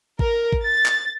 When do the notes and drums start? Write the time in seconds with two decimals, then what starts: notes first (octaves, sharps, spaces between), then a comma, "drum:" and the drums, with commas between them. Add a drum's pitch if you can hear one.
0.19 A#4, drum: kick G#1
0.53 drum: kick G#1
0.64 A6
0.86 drum: clap